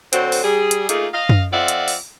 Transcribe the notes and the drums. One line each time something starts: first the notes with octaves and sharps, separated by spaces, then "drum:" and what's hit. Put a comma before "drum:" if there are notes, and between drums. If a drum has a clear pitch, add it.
D3 F#3 C4 F#4 A4 C5, drum: hi-hat
drum: open hi-hat
G3 G#4
drum: hi-hat
A3 A#3 D#4 F4 G#4, drum: hi-hat
D#5 F5
drum: tom F#2
F2 C4 F4 D5 E5 F#5
drum: hi-hat
drum: open hi-hat